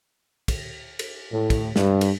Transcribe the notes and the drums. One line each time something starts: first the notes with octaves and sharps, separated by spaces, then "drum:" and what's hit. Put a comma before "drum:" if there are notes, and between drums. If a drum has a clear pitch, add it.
drum: kick, cymbal
drum: cymbal
A2
drum: kick, cymbal
G2, drum: snare
drum: cymbal